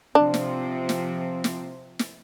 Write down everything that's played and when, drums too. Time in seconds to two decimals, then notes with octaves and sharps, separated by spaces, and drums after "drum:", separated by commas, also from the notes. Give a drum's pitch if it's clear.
0.15 C3 F3 C4 D4
0.34 drum: snare
0.89 drum: snare
1.44 drum: snare
1.99 drum: snare